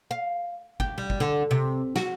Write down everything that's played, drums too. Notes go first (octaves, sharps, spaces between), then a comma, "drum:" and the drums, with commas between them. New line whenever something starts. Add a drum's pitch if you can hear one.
F5
G4, drum: kick G1
G3
drum: kick G1
D3
C3
F#4, drum: snare